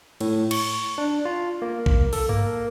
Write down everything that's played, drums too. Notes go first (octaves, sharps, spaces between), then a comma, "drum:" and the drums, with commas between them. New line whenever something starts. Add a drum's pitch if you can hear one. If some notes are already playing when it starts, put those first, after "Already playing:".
A2, drum: cymbal
C#6, drum: cymbal
D4
F4
A#3
drum: kick
A4, drum: open hi-hat
A#3, drum: tom G2